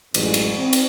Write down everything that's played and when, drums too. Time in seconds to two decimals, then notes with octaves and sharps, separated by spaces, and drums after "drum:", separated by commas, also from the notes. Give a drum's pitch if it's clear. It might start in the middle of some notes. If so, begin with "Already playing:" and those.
0.14 A1 F#2 G#3, drum: cymbal
0.34 drum: cymbal
0.58 C4
0.73 drum: cymbal